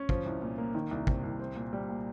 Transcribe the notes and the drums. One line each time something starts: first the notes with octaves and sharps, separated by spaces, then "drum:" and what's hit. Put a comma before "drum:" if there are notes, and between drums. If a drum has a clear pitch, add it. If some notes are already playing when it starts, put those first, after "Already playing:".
Already playing: C#4
F3, drum: kick
C2
A#2
A#3
D#3
C2
C3, drum: kick
C2
C4
A#2
G3
A#2